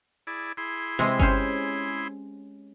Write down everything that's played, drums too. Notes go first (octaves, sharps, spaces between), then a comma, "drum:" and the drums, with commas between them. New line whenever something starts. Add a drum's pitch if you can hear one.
E4 G#4 D5
E4 G#4 C6
C3 G#3, drum: snare
C#4 C5, drum: kick G1